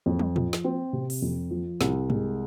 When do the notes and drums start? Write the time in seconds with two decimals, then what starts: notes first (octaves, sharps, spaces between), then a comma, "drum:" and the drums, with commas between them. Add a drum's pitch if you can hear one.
0.06 F2
0.19 drum: tom
0.36 F3, drum: tom
0.53 drum: snare
0.64 C4
0.93 C3
1.10 drum: open hi-hat
1.22 F2
1.51 F3
1.81 C2, drum: snare
2.10 G#3, drum: tom